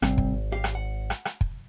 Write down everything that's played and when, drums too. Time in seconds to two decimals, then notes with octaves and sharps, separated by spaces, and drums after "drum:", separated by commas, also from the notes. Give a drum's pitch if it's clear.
0.02 G#1 C3 G3 C4, drum: rim click
0.18 drum: kick
0.52 G4 F5
0.64 drum: rim click
0.75 F#5
1.10 drum: rim click
1.25 drum: rim click
1.41 drum: kick